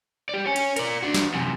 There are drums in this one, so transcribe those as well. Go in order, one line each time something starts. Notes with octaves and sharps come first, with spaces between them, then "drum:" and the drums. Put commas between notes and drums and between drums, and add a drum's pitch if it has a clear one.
G4 D5
C#5 G#5
drum: cymbal
A#4 D5, drum: cymbal
D4 F#4
drum: snare
F#2 C3